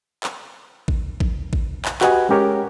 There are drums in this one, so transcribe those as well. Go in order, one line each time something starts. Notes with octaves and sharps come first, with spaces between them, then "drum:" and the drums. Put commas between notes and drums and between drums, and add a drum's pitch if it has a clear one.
drum: clap
drum: kick A1
drum: kick A1
drum: kick A1
drum: clap
F#4 G4 B4 D#5 F#5 G#5, drum: clap
G#3 C#4 G4 A#4 C#5